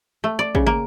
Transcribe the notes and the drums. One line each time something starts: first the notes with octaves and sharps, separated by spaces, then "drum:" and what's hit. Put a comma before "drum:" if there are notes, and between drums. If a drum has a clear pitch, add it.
A3
D5
C#3, drum: kick
A#3